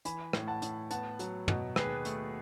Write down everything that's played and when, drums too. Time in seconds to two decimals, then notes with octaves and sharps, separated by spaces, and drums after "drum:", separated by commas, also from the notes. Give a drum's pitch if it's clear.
0.05 E3 G#5 B5, drum: hi-hat
0.33 A2, drum: rim click
0.48 F#5 A5
0.62 A2, drum: hi-hat
0.91 B3 F#5 A5, drum: hi-hat
1.19 F#3, drum: hi-hat
1.48 B2, drum: tom
1.76 D#2 G#4 B4, drum: rim click
2.05 A3, drum: hi-hat